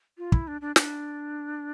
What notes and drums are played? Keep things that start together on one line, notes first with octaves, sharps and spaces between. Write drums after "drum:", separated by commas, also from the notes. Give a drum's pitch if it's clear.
F4
E4, drum: kick
D4
D4
D4, drum: snare